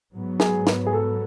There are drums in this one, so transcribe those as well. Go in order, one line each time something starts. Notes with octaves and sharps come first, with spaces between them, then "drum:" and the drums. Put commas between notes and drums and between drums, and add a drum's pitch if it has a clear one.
G#2 F#3 B3
G#4, drum: snare
B4, drum: snare
G#4
A4